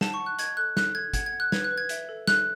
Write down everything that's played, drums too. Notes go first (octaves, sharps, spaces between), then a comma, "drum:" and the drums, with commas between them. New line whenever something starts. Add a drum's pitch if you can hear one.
F#5 A5, drum: snare
C#6
F#5
F#6
D#5 G#6, drum: hi-hat
A4 F#6
A4 F#6, drum: snare
A4 G#6
F#5 G#6, drum: kick, hi-hat
G#6
F#5
F#6
B4 G#6, drum: snare
F#6
B4
G#6
E5, drum: hi-hat
A4
A4 F#6, drum: snare